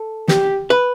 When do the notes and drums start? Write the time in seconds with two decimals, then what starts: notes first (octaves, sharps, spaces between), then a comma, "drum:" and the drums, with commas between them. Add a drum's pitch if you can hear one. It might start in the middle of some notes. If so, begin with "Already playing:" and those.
Already playing: A4
0.28 G4, drum: snare
0.70 B4